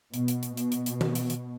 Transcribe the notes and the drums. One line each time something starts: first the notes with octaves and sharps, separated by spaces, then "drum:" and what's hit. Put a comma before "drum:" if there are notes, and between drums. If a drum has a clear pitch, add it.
B2, drum: hi-hat
drum: hi-hat
drum: hi-hat
B2, drum: hi-hat
drum: hi-hat
drum: hi-hat
drum: tom D#3
drum: hi-hat
drum: hi-hat